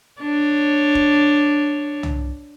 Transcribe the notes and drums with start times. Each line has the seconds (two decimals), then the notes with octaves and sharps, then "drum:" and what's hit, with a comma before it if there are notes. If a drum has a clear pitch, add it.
0.21 D4 C#5
0.95 drum: kick
2.03 drum: tom